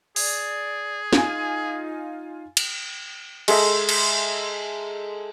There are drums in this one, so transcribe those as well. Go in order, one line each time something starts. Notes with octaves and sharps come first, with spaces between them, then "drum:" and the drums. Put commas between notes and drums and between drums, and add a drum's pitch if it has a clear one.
G#4 D5, drum: open hi-hat
D#4 F4 G#5, drum: snare
drum: cymbal
G#3 A4 E5 A#5, drum: cymbal
drum: cymbal